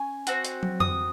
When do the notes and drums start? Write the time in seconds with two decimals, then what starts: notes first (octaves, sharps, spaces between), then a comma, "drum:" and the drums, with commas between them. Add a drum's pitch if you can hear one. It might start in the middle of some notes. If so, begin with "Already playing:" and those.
Already playing: C#4 G#5
0.27 C4 F#4, drum: hi-hat
0.45 drum: hi-hat
0.63 drum: tom
0.80 D#6, drum: tom F2